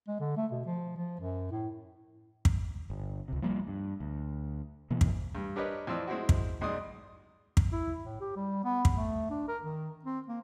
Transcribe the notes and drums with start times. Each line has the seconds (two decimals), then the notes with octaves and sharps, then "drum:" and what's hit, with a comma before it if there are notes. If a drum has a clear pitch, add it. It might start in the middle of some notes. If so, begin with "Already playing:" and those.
0.08 G#3
0.20 D3
0.37 A3
0.52 B2
0.66 F3
0.97 F3
1.20 F#2
1.52 A2
2.45 drum: kick
2.90 G1
3.28 C#2 C3
3.42 F3 G3 A#3
3.67 G2
4.00 D2
4.90 B2 E3 A#3
5.01 drum: kick
5.35 G2
5.56 D4 G4 A#4 B4 C#5 D#5
5.87 F2 E3 C4 D5 D#5 E6
6.07 G#3 C4 E4 F#4
6.29 drum: kick
6.61 B1 G#3 D#4 D5 C6 D#6
7.57 drum: kick
7.72 E4
8.04 A2
8.21 G4
8.36 G3
8.64 B3
8.85 drum: kick
8.95 A3
9.30 D4
9.48 A#4
9.63 D#3
10.05 C4
10.28 A#3